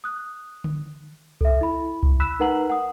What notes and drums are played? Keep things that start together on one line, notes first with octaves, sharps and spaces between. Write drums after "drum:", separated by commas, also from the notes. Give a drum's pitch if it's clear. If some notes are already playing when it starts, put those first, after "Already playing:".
D#6 F#6
drum: tom D3
A4 E5, drum: kick C2
E4 B5
drum: kick C2
B5 E6 F#6 B6 E7
D#4 A#4 B4 F#5 A#5 F#7
F#5 D#6